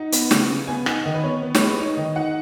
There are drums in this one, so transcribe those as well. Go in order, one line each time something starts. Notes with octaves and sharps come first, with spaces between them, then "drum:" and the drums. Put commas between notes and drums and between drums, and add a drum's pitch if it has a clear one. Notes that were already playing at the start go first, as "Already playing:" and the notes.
Already playing: D#4 F#5
B3, drum: hi-hat
C#3, drum: snare
C#3
B3 G#5
D#4 F#5, drum: rim click
D#3 D#5
B4
B3 C#5
B3
C#5, drum: snare
G#3 B4
D#4 C#5
D#3 D#5
D#4 F#5